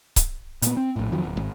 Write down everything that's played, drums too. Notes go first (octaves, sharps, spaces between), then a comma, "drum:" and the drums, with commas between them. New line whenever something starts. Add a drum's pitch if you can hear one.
drum: kick C#1, hi-hat
A#2 B3, drum: hi-hat
C4
A#1 A2
F2 D#3 F3 F#3
D1
G#1